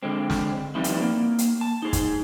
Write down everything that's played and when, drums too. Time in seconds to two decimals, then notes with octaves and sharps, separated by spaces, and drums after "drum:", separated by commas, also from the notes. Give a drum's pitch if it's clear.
0.03 D3 G#3 C4
0.30 drum: snare
0.75 F3 G3 B3 C4 D#4 E4
0.84 drum: hi-hat
1.02 A#3
1.38 drum: hi-hat
1.61 A5
1.82 D#4 G#4
1.93 drum: kick, hi-hat